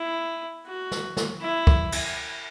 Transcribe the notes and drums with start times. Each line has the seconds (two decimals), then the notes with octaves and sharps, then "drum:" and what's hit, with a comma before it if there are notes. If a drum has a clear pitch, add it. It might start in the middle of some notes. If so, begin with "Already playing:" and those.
Already playing: E4
0.66 F#4
0.91 drum: snare
1.17 drum: snare
1.41 E4
1.67 drum: kick
1.92 drum: cymbal